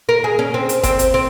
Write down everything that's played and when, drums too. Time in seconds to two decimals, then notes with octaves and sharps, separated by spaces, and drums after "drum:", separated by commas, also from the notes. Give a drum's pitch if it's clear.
0.09 A#4
0.24 G#4
0.39 C#4
0.54 C4
0.69 drum: hi-hat
0.83 C4, drum: kick G1, hi-hat
0.99 drum: hi-hat
1.14 C4